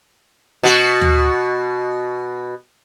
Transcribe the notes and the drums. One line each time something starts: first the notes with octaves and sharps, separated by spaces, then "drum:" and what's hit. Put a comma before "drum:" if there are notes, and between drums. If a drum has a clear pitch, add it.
B2 F#4
drum: tom D2